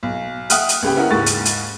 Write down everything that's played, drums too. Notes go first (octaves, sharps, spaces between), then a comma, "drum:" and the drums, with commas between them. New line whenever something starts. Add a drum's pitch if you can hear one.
B1
E5 F#5 G5 D#6 F6 F#6, drum: hi-hat
drum: hi-hat
C#2 C#3 G4 G5
B3 C#4 E4 A#4 F#5
D#2 G#2 C#3 F#5 C#6 A6
drum: hi-hat
drum: hi-hat